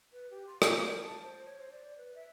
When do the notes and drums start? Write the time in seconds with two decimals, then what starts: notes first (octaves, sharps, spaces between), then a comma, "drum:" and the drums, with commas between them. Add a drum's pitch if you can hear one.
0.13 B4
0.30 G4
0.47 C6
0.62 C#5, drum: rim click
0.90 A#4
1.03 A5
1.23 C5
1.45 C#5
1.59 C5
1.72 D5
1.97 B4
2.15 E5